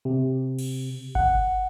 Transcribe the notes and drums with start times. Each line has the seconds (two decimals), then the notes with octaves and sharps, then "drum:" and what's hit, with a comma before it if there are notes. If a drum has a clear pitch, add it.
0.05 C3
0.59 drum: cymbal
1.15 F#5, drum: kick G1